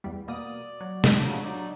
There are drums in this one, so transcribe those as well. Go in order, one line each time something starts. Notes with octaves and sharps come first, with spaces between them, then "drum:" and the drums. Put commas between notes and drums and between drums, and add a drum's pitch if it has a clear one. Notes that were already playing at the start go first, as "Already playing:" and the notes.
E2 G3
B2 A#3 D5 D#6
F#3
drum: snare
C#3 F3 F#3 D4
F#3 D#4 D5